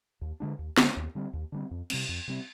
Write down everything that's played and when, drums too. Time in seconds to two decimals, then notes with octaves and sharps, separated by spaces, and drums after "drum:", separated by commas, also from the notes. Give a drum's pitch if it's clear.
0.21 D#2
0.40 D3 G#3 D4
0.59 D#2
0.77 D3 G#3 D4, drum: snare
0.97 D#2
1.15 D3 G3 C4
1.33 D#2
1.52 D3 G3 C4
1.71 F2
1.90 C3 G3 C4, drum: cymbal
2.09 F2
2.28 C3 G3 C4